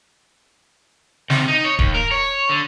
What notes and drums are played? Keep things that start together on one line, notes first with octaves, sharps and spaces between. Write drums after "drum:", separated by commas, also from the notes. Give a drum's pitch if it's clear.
C3, drum: snare
D#4
C#5
D#2, drum: kick D#1
A#4
C#5
D3